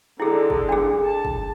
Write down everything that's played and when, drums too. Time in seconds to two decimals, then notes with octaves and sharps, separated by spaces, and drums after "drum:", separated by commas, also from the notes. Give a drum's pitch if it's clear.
0.20 D3 G#3 E4 G#4
0.50 drum: kick G1
0.69 D4 G#4
1.05 A5
1.25 drum: kick G1